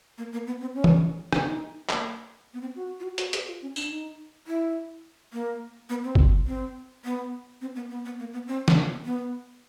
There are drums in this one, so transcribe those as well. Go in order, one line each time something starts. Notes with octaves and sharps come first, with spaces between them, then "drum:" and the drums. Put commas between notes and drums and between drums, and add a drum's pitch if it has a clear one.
A#3
A#3
B3
C4
C#4
drum: tom E3
D4, drum: rim click
D#4
A#3, drum: clap
B3
C4
F#4
F4
F#4
F#4, drum: hi-hat
G4, drum: hi-hat
F4
C#4
D4, drum: tambourine
D#4
E4
A#3
B3
C4
drum: kick
C4
B3
C4
B3
B3
B3
A#3
B3
C4
D4, drum: snare
C#4
B3